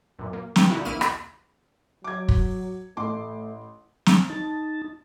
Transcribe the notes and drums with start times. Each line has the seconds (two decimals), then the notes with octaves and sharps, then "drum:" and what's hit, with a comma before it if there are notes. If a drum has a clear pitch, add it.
0.19 F#2 A#2
0.33 A#3
0.56 B4 G5, drum: snare
0.70 A#2 D3 D#4 E4 F#4
0.85 A#1 A#3 E4 F6 D#7
1.01 drum: rim click
2.04 F#3 D6 G#6
2.28 drum: kick
2.97 A1 A3 C6 D6
4.06 drum: snare
4.30 D#4 A5